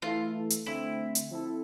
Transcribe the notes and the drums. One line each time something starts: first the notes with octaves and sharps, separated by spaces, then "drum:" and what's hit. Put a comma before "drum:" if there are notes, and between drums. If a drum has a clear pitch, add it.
E3 A3 E4 F4 A4
drum: hi-hat
D3 A3 C4 E4
drum: hi-hat
F3 C4 E4 A4